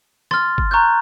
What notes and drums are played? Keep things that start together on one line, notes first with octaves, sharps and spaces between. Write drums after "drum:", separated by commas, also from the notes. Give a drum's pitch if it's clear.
C6 F6 A6, drum: snare
drum: kick G1
A#5 C#6 F#6 G6